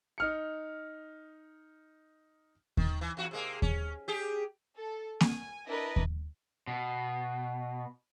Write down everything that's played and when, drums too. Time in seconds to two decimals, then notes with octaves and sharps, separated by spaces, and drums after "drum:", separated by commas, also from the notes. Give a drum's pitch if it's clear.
0.18 D#4 F6 C#7
2.77 D#3, drum: kick D#2
3.01 E3
3.17 E2 F#4
3.31 C3 G#3 A#3
3.62 C#4, drum: kick D#2
4.08 G4 G#4
4.77 A4
5.20 G#5, drum: snare A#3
5.67 D4 E4 A#4 B4 D#5
5.96 drum: kick D#2
6.67 B2